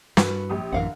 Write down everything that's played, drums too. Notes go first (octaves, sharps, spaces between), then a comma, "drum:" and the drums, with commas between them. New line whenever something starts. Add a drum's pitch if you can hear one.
G2 E4 F#4 B4, drum: snare
A#1 G4 D#6
A1 F#2 D3 E3 A#4 F5 F#5